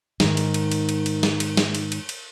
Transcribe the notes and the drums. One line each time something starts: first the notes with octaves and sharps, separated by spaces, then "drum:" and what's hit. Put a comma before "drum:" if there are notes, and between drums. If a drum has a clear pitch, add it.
G#2 D#3, drum: snare
drum: cymbal
drum: cymbal
drum: cymbal
drum: cymbal
drum: cymbal
drum: snare
drum: cymbal
drum: snare
drum: cymbal
drum: cymbal
drum: cymbal